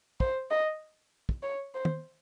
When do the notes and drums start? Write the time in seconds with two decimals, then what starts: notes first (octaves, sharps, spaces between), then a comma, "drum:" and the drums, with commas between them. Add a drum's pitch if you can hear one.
0.20 C5, drum: kick
0.51 D#5
1.29 drum: kick
1.43 C#5
1.74 C5
1.85 drum: tom